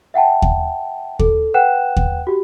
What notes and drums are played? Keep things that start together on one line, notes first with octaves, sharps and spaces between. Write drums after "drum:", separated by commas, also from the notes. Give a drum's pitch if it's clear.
E5 F#5 G5 A5
drum: kick D#2
A4, drum: kick D#2
B4 F#5 G5 F#6 E7
drum: kick D#2
F#4 G4